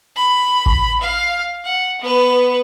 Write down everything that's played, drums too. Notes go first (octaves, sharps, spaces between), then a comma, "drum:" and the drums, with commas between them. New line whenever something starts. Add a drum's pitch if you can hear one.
B5
drum: kick A1
F5
F#5
B3 B4